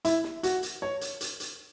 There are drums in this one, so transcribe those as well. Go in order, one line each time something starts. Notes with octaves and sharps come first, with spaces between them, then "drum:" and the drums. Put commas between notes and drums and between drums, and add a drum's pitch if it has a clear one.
E4, drum: hi-hat
drum: snare
F#4, drum: hi-hat
drum: hi-hat
C#5
drum: hi-hat
drum: hi-hat
drum: hi-hat